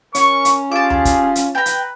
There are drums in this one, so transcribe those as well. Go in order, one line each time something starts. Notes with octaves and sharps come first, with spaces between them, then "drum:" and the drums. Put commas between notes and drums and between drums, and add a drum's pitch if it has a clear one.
C#4 A#4 C#6, drum: hi-hat
drum: hi-hat
F4 G4 G#4 A5 D6
drum: tom D#2
drum: kick, hi-hat
drum: hi-hat
B4 G5 A#5
drum: hi-hat